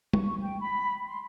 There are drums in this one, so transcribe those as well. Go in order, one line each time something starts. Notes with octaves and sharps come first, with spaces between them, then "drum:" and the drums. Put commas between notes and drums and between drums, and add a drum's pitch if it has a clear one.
C#6, drum: tom G3
G5
B5
C6